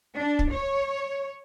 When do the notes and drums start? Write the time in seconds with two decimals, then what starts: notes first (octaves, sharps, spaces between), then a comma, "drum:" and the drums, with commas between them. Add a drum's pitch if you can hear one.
0.16 D4
0.39 drum: kick
0.53 C#5